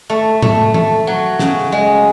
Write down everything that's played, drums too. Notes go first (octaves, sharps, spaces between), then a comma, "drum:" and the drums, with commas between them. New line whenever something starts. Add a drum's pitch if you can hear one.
A3
A3, drum: tom
A3, drum: tom
F#3
C#3, drum: snare
G#3